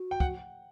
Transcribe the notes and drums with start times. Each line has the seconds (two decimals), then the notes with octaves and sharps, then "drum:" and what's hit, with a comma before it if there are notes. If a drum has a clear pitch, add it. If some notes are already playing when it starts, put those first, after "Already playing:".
Already playing: F#4
0.11 G5
0.20 F#5, drum: kick